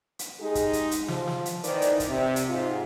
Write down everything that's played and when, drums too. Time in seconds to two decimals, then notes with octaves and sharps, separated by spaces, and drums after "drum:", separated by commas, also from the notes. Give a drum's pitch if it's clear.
0.19 drum: hi-hat
0.41 G#3 D#4 G4 G#4
0.55 drum: kick, hi-hat
0.73 drum: hi-hat
0.91 drum: hi-hat
1.08 F3, drum: snare
1.27 drum: snare
1.46 drum: hi-hat
1.64 D#3 E3 A#4 C5 D5, drum: hi-hat
1.82 drum: hi-hat
2.00 drum: kick, hi-hat
2.09 C3 C4
2.36 drum: hi-hat
2.49 G#2 F4